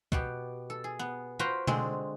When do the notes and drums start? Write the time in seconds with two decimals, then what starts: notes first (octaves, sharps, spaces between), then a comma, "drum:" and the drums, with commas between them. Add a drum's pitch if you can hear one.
0.12 B2 B3 G4, drum: kick
0.70 A4
0.84 G#4
0.99 B3
1.39 F4 F#4 B4 C5 G5 A#5
1.67 D3 G#3 C4, drum: tom B2